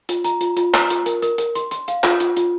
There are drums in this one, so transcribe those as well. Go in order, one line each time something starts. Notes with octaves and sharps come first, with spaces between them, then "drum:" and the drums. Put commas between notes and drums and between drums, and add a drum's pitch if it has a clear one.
F4, drum: hi-hat
A#5, drum: hi-hat
F4, drum: hi-hat
F4, drum: hi-hat
A#5, drum: clap
F4, drum: hi-hat
A#4, drum: hi-hat
A#4, drum: hi-hat
A#4, drum: hi-hat
C6, drum: hi-hat
C6, drum: hi-hat
F5, drum: hi-hat
F4, drum: clap
F4, drum: hi-hat
F4, drum: hi-hat